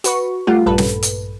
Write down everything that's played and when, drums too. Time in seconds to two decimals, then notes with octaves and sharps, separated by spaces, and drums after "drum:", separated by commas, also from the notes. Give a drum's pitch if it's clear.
0.04 F#4 B4 C#6, drum: hi-hat
0.47 G3 A3 F4 G4 F#5
0.66 A#1 G2 A4 B4
0.78 drum: snare
1.03 drum: hi-hat